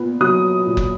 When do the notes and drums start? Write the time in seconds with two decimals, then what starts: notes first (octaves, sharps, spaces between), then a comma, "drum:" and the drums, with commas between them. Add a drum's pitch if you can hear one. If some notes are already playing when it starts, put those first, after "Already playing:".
Already playing: A#2 B3
0.21 F#3 D#6
0.67 A#2
0.77 drum: kick